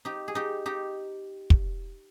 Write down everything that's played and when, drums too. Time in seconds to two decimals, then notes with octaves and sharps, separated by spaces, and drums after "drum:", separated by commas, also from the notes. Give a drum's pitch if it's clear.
0.05 D#4 G4
0.28 G#4
0.35 D#4 G4
0.66 D#4 G4
1.50 drum: kick